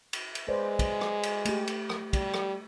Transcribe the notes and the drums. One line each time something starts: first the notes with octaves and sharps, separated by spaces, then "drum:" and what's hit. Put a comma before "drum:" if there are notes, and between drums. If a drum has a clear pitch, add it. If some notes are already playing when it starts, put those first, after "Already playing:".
drum: cymbal
drum: cymbal
G#3 B4 C5 D5
drum: kick, cymbal
drum: rim click
drum: cymbal
A3 G4, drum: cymbal
drum: cymbal
drum: rim click
G3, drum: kick, cymbal
drum: rim click